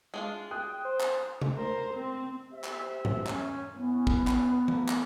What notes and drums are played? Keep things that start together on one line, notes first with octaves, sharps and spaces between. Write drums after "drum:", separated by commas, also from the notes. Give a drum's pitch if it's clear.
G#3 D4 F4
G5 D#6 F#6
C5
drum: clap
drum: tom C3
A#4 C5
C4
G4 C5 E5
drum: clap
drum: tom G2
C#4, drum: clap
E3 B3 C#4
drum: kick
drum: clap
A3 A#3, drum: tom E3
drum: clap